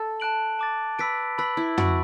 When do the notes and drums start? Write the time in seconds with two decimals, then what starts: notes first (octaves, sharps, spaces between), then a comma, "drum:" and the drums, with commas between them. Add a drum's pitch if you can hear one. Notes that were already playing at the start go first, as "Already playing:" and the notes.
Already playing: A4
0.20 A5 F#6 D7 F#7
0.59 A5 D6 A6
0.99 B4 B5 E6 B6 D7
1.38 B4 B5 E6 B6 F#7
1.57 E4
1.78 F#4 B5 E6 D7, drum: tom